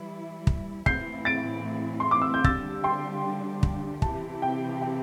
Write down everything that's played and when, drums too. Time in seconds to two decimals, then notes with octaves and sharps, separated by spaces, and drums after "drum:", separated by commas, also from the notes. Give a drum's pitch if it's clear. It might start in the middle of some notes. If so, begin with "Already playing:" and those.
Already playing: E3 G3 E4
0.47 drum: kick
0.86 A2 E3 C4 E4 G6 C7, drum: kick
1.25 A6 D7
2.00 C6
2.11 D6
2.22 E6
2.34 G6
2.44 D3 G3 D4 G4 E6 A6, drum: kick
2.84 G5 C6
3.63 drum: kick
4.02 C3 E3 C4 E4 G4 A5, drum: kick
4.42 G5
4.82 G5